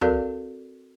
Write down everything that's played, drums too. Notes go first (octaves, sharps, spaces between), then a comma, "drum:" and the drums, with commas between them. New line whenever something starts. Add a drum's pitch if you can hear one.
C4 F#4 A4 A#4 D5 F5, drum: tom